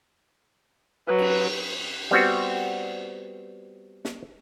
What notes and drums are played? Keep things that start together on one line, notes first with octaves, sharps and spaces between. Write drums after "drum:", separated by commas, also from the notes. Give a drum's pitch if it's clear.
F#3 B4
drum: cymbal
G3 B3 C4 F#4
drum: snare